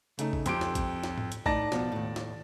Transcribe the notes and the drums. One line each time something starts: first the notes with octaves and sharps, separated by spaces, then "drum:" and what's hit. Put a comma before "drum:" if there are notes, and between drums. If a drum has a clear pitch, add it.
C#3 A3 D#4, drum: hi-hat
drum: kick A1
F2 C4 G4 C6 D7, drum: hi-hat
drum: snare
drum: kick A1, hi-hat
drum: snare
drum: tom G#2
drum: hi-hat
A2 D#4 D5 A5 A#6, drum: kick A1
B2 F3 B3, drum: snare
D#2 A2
drum: snare